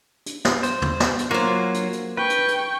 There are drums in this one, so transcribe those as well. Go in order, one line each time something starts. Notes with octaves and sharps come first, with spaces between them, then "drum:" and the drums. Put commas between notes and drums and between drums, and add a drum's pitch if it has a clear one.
drum: hi-hat
drum: snare
C5, drum: hi-hat
drum: tom
drum: snare
drum: hi-hat
F#3 A#3 F4 F#4 C5
drum: hi-hat
drum: hi-hat
B4 G5 C#6
drum: hi-hat
drum: hi-hat